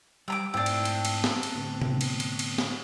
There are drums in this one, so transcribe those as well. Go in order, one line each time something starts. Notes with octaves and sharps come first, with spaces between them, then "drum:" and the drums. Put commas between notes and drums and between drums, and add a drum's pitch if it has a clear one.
G3 C4 A#5 D6
G#2 A3 C4 D4 E4
drum: cymbal
drum: cymbal
drum: cymbal
drum: snare
drum: cymbal
A2 D3 B3
drum: tom C3
drum: cymbal
drum: cymbal
drum: cymbal
drum: snare